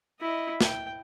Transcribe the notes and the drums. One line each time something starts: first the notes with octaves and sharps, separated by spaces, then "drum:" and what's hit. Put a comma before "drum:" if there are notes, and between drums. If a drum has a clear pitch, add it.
E4 D#5
G5, drum: snare